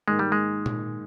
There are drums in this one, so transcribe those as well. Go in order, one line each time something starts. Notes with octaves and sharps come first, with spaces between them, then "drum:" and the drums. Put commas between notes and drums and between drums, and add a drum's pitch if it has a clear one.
G#2 D#3 G#3 A#3 D#4
G3
G#3
drum: tom A#2